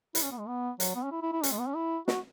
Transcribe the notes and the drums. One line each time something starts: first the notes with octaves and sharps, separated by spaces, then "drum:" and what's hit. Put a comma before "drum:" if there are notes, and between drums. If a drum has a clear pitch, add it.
E4, drum: hi-hat
C#4
B3
G#3
B3
F#3, drum: hi-hat
B3
C#4
E4
E4
E4
C#4, drum: hi-hat
G#3
B3
C#4
E4
F#4, drum: snare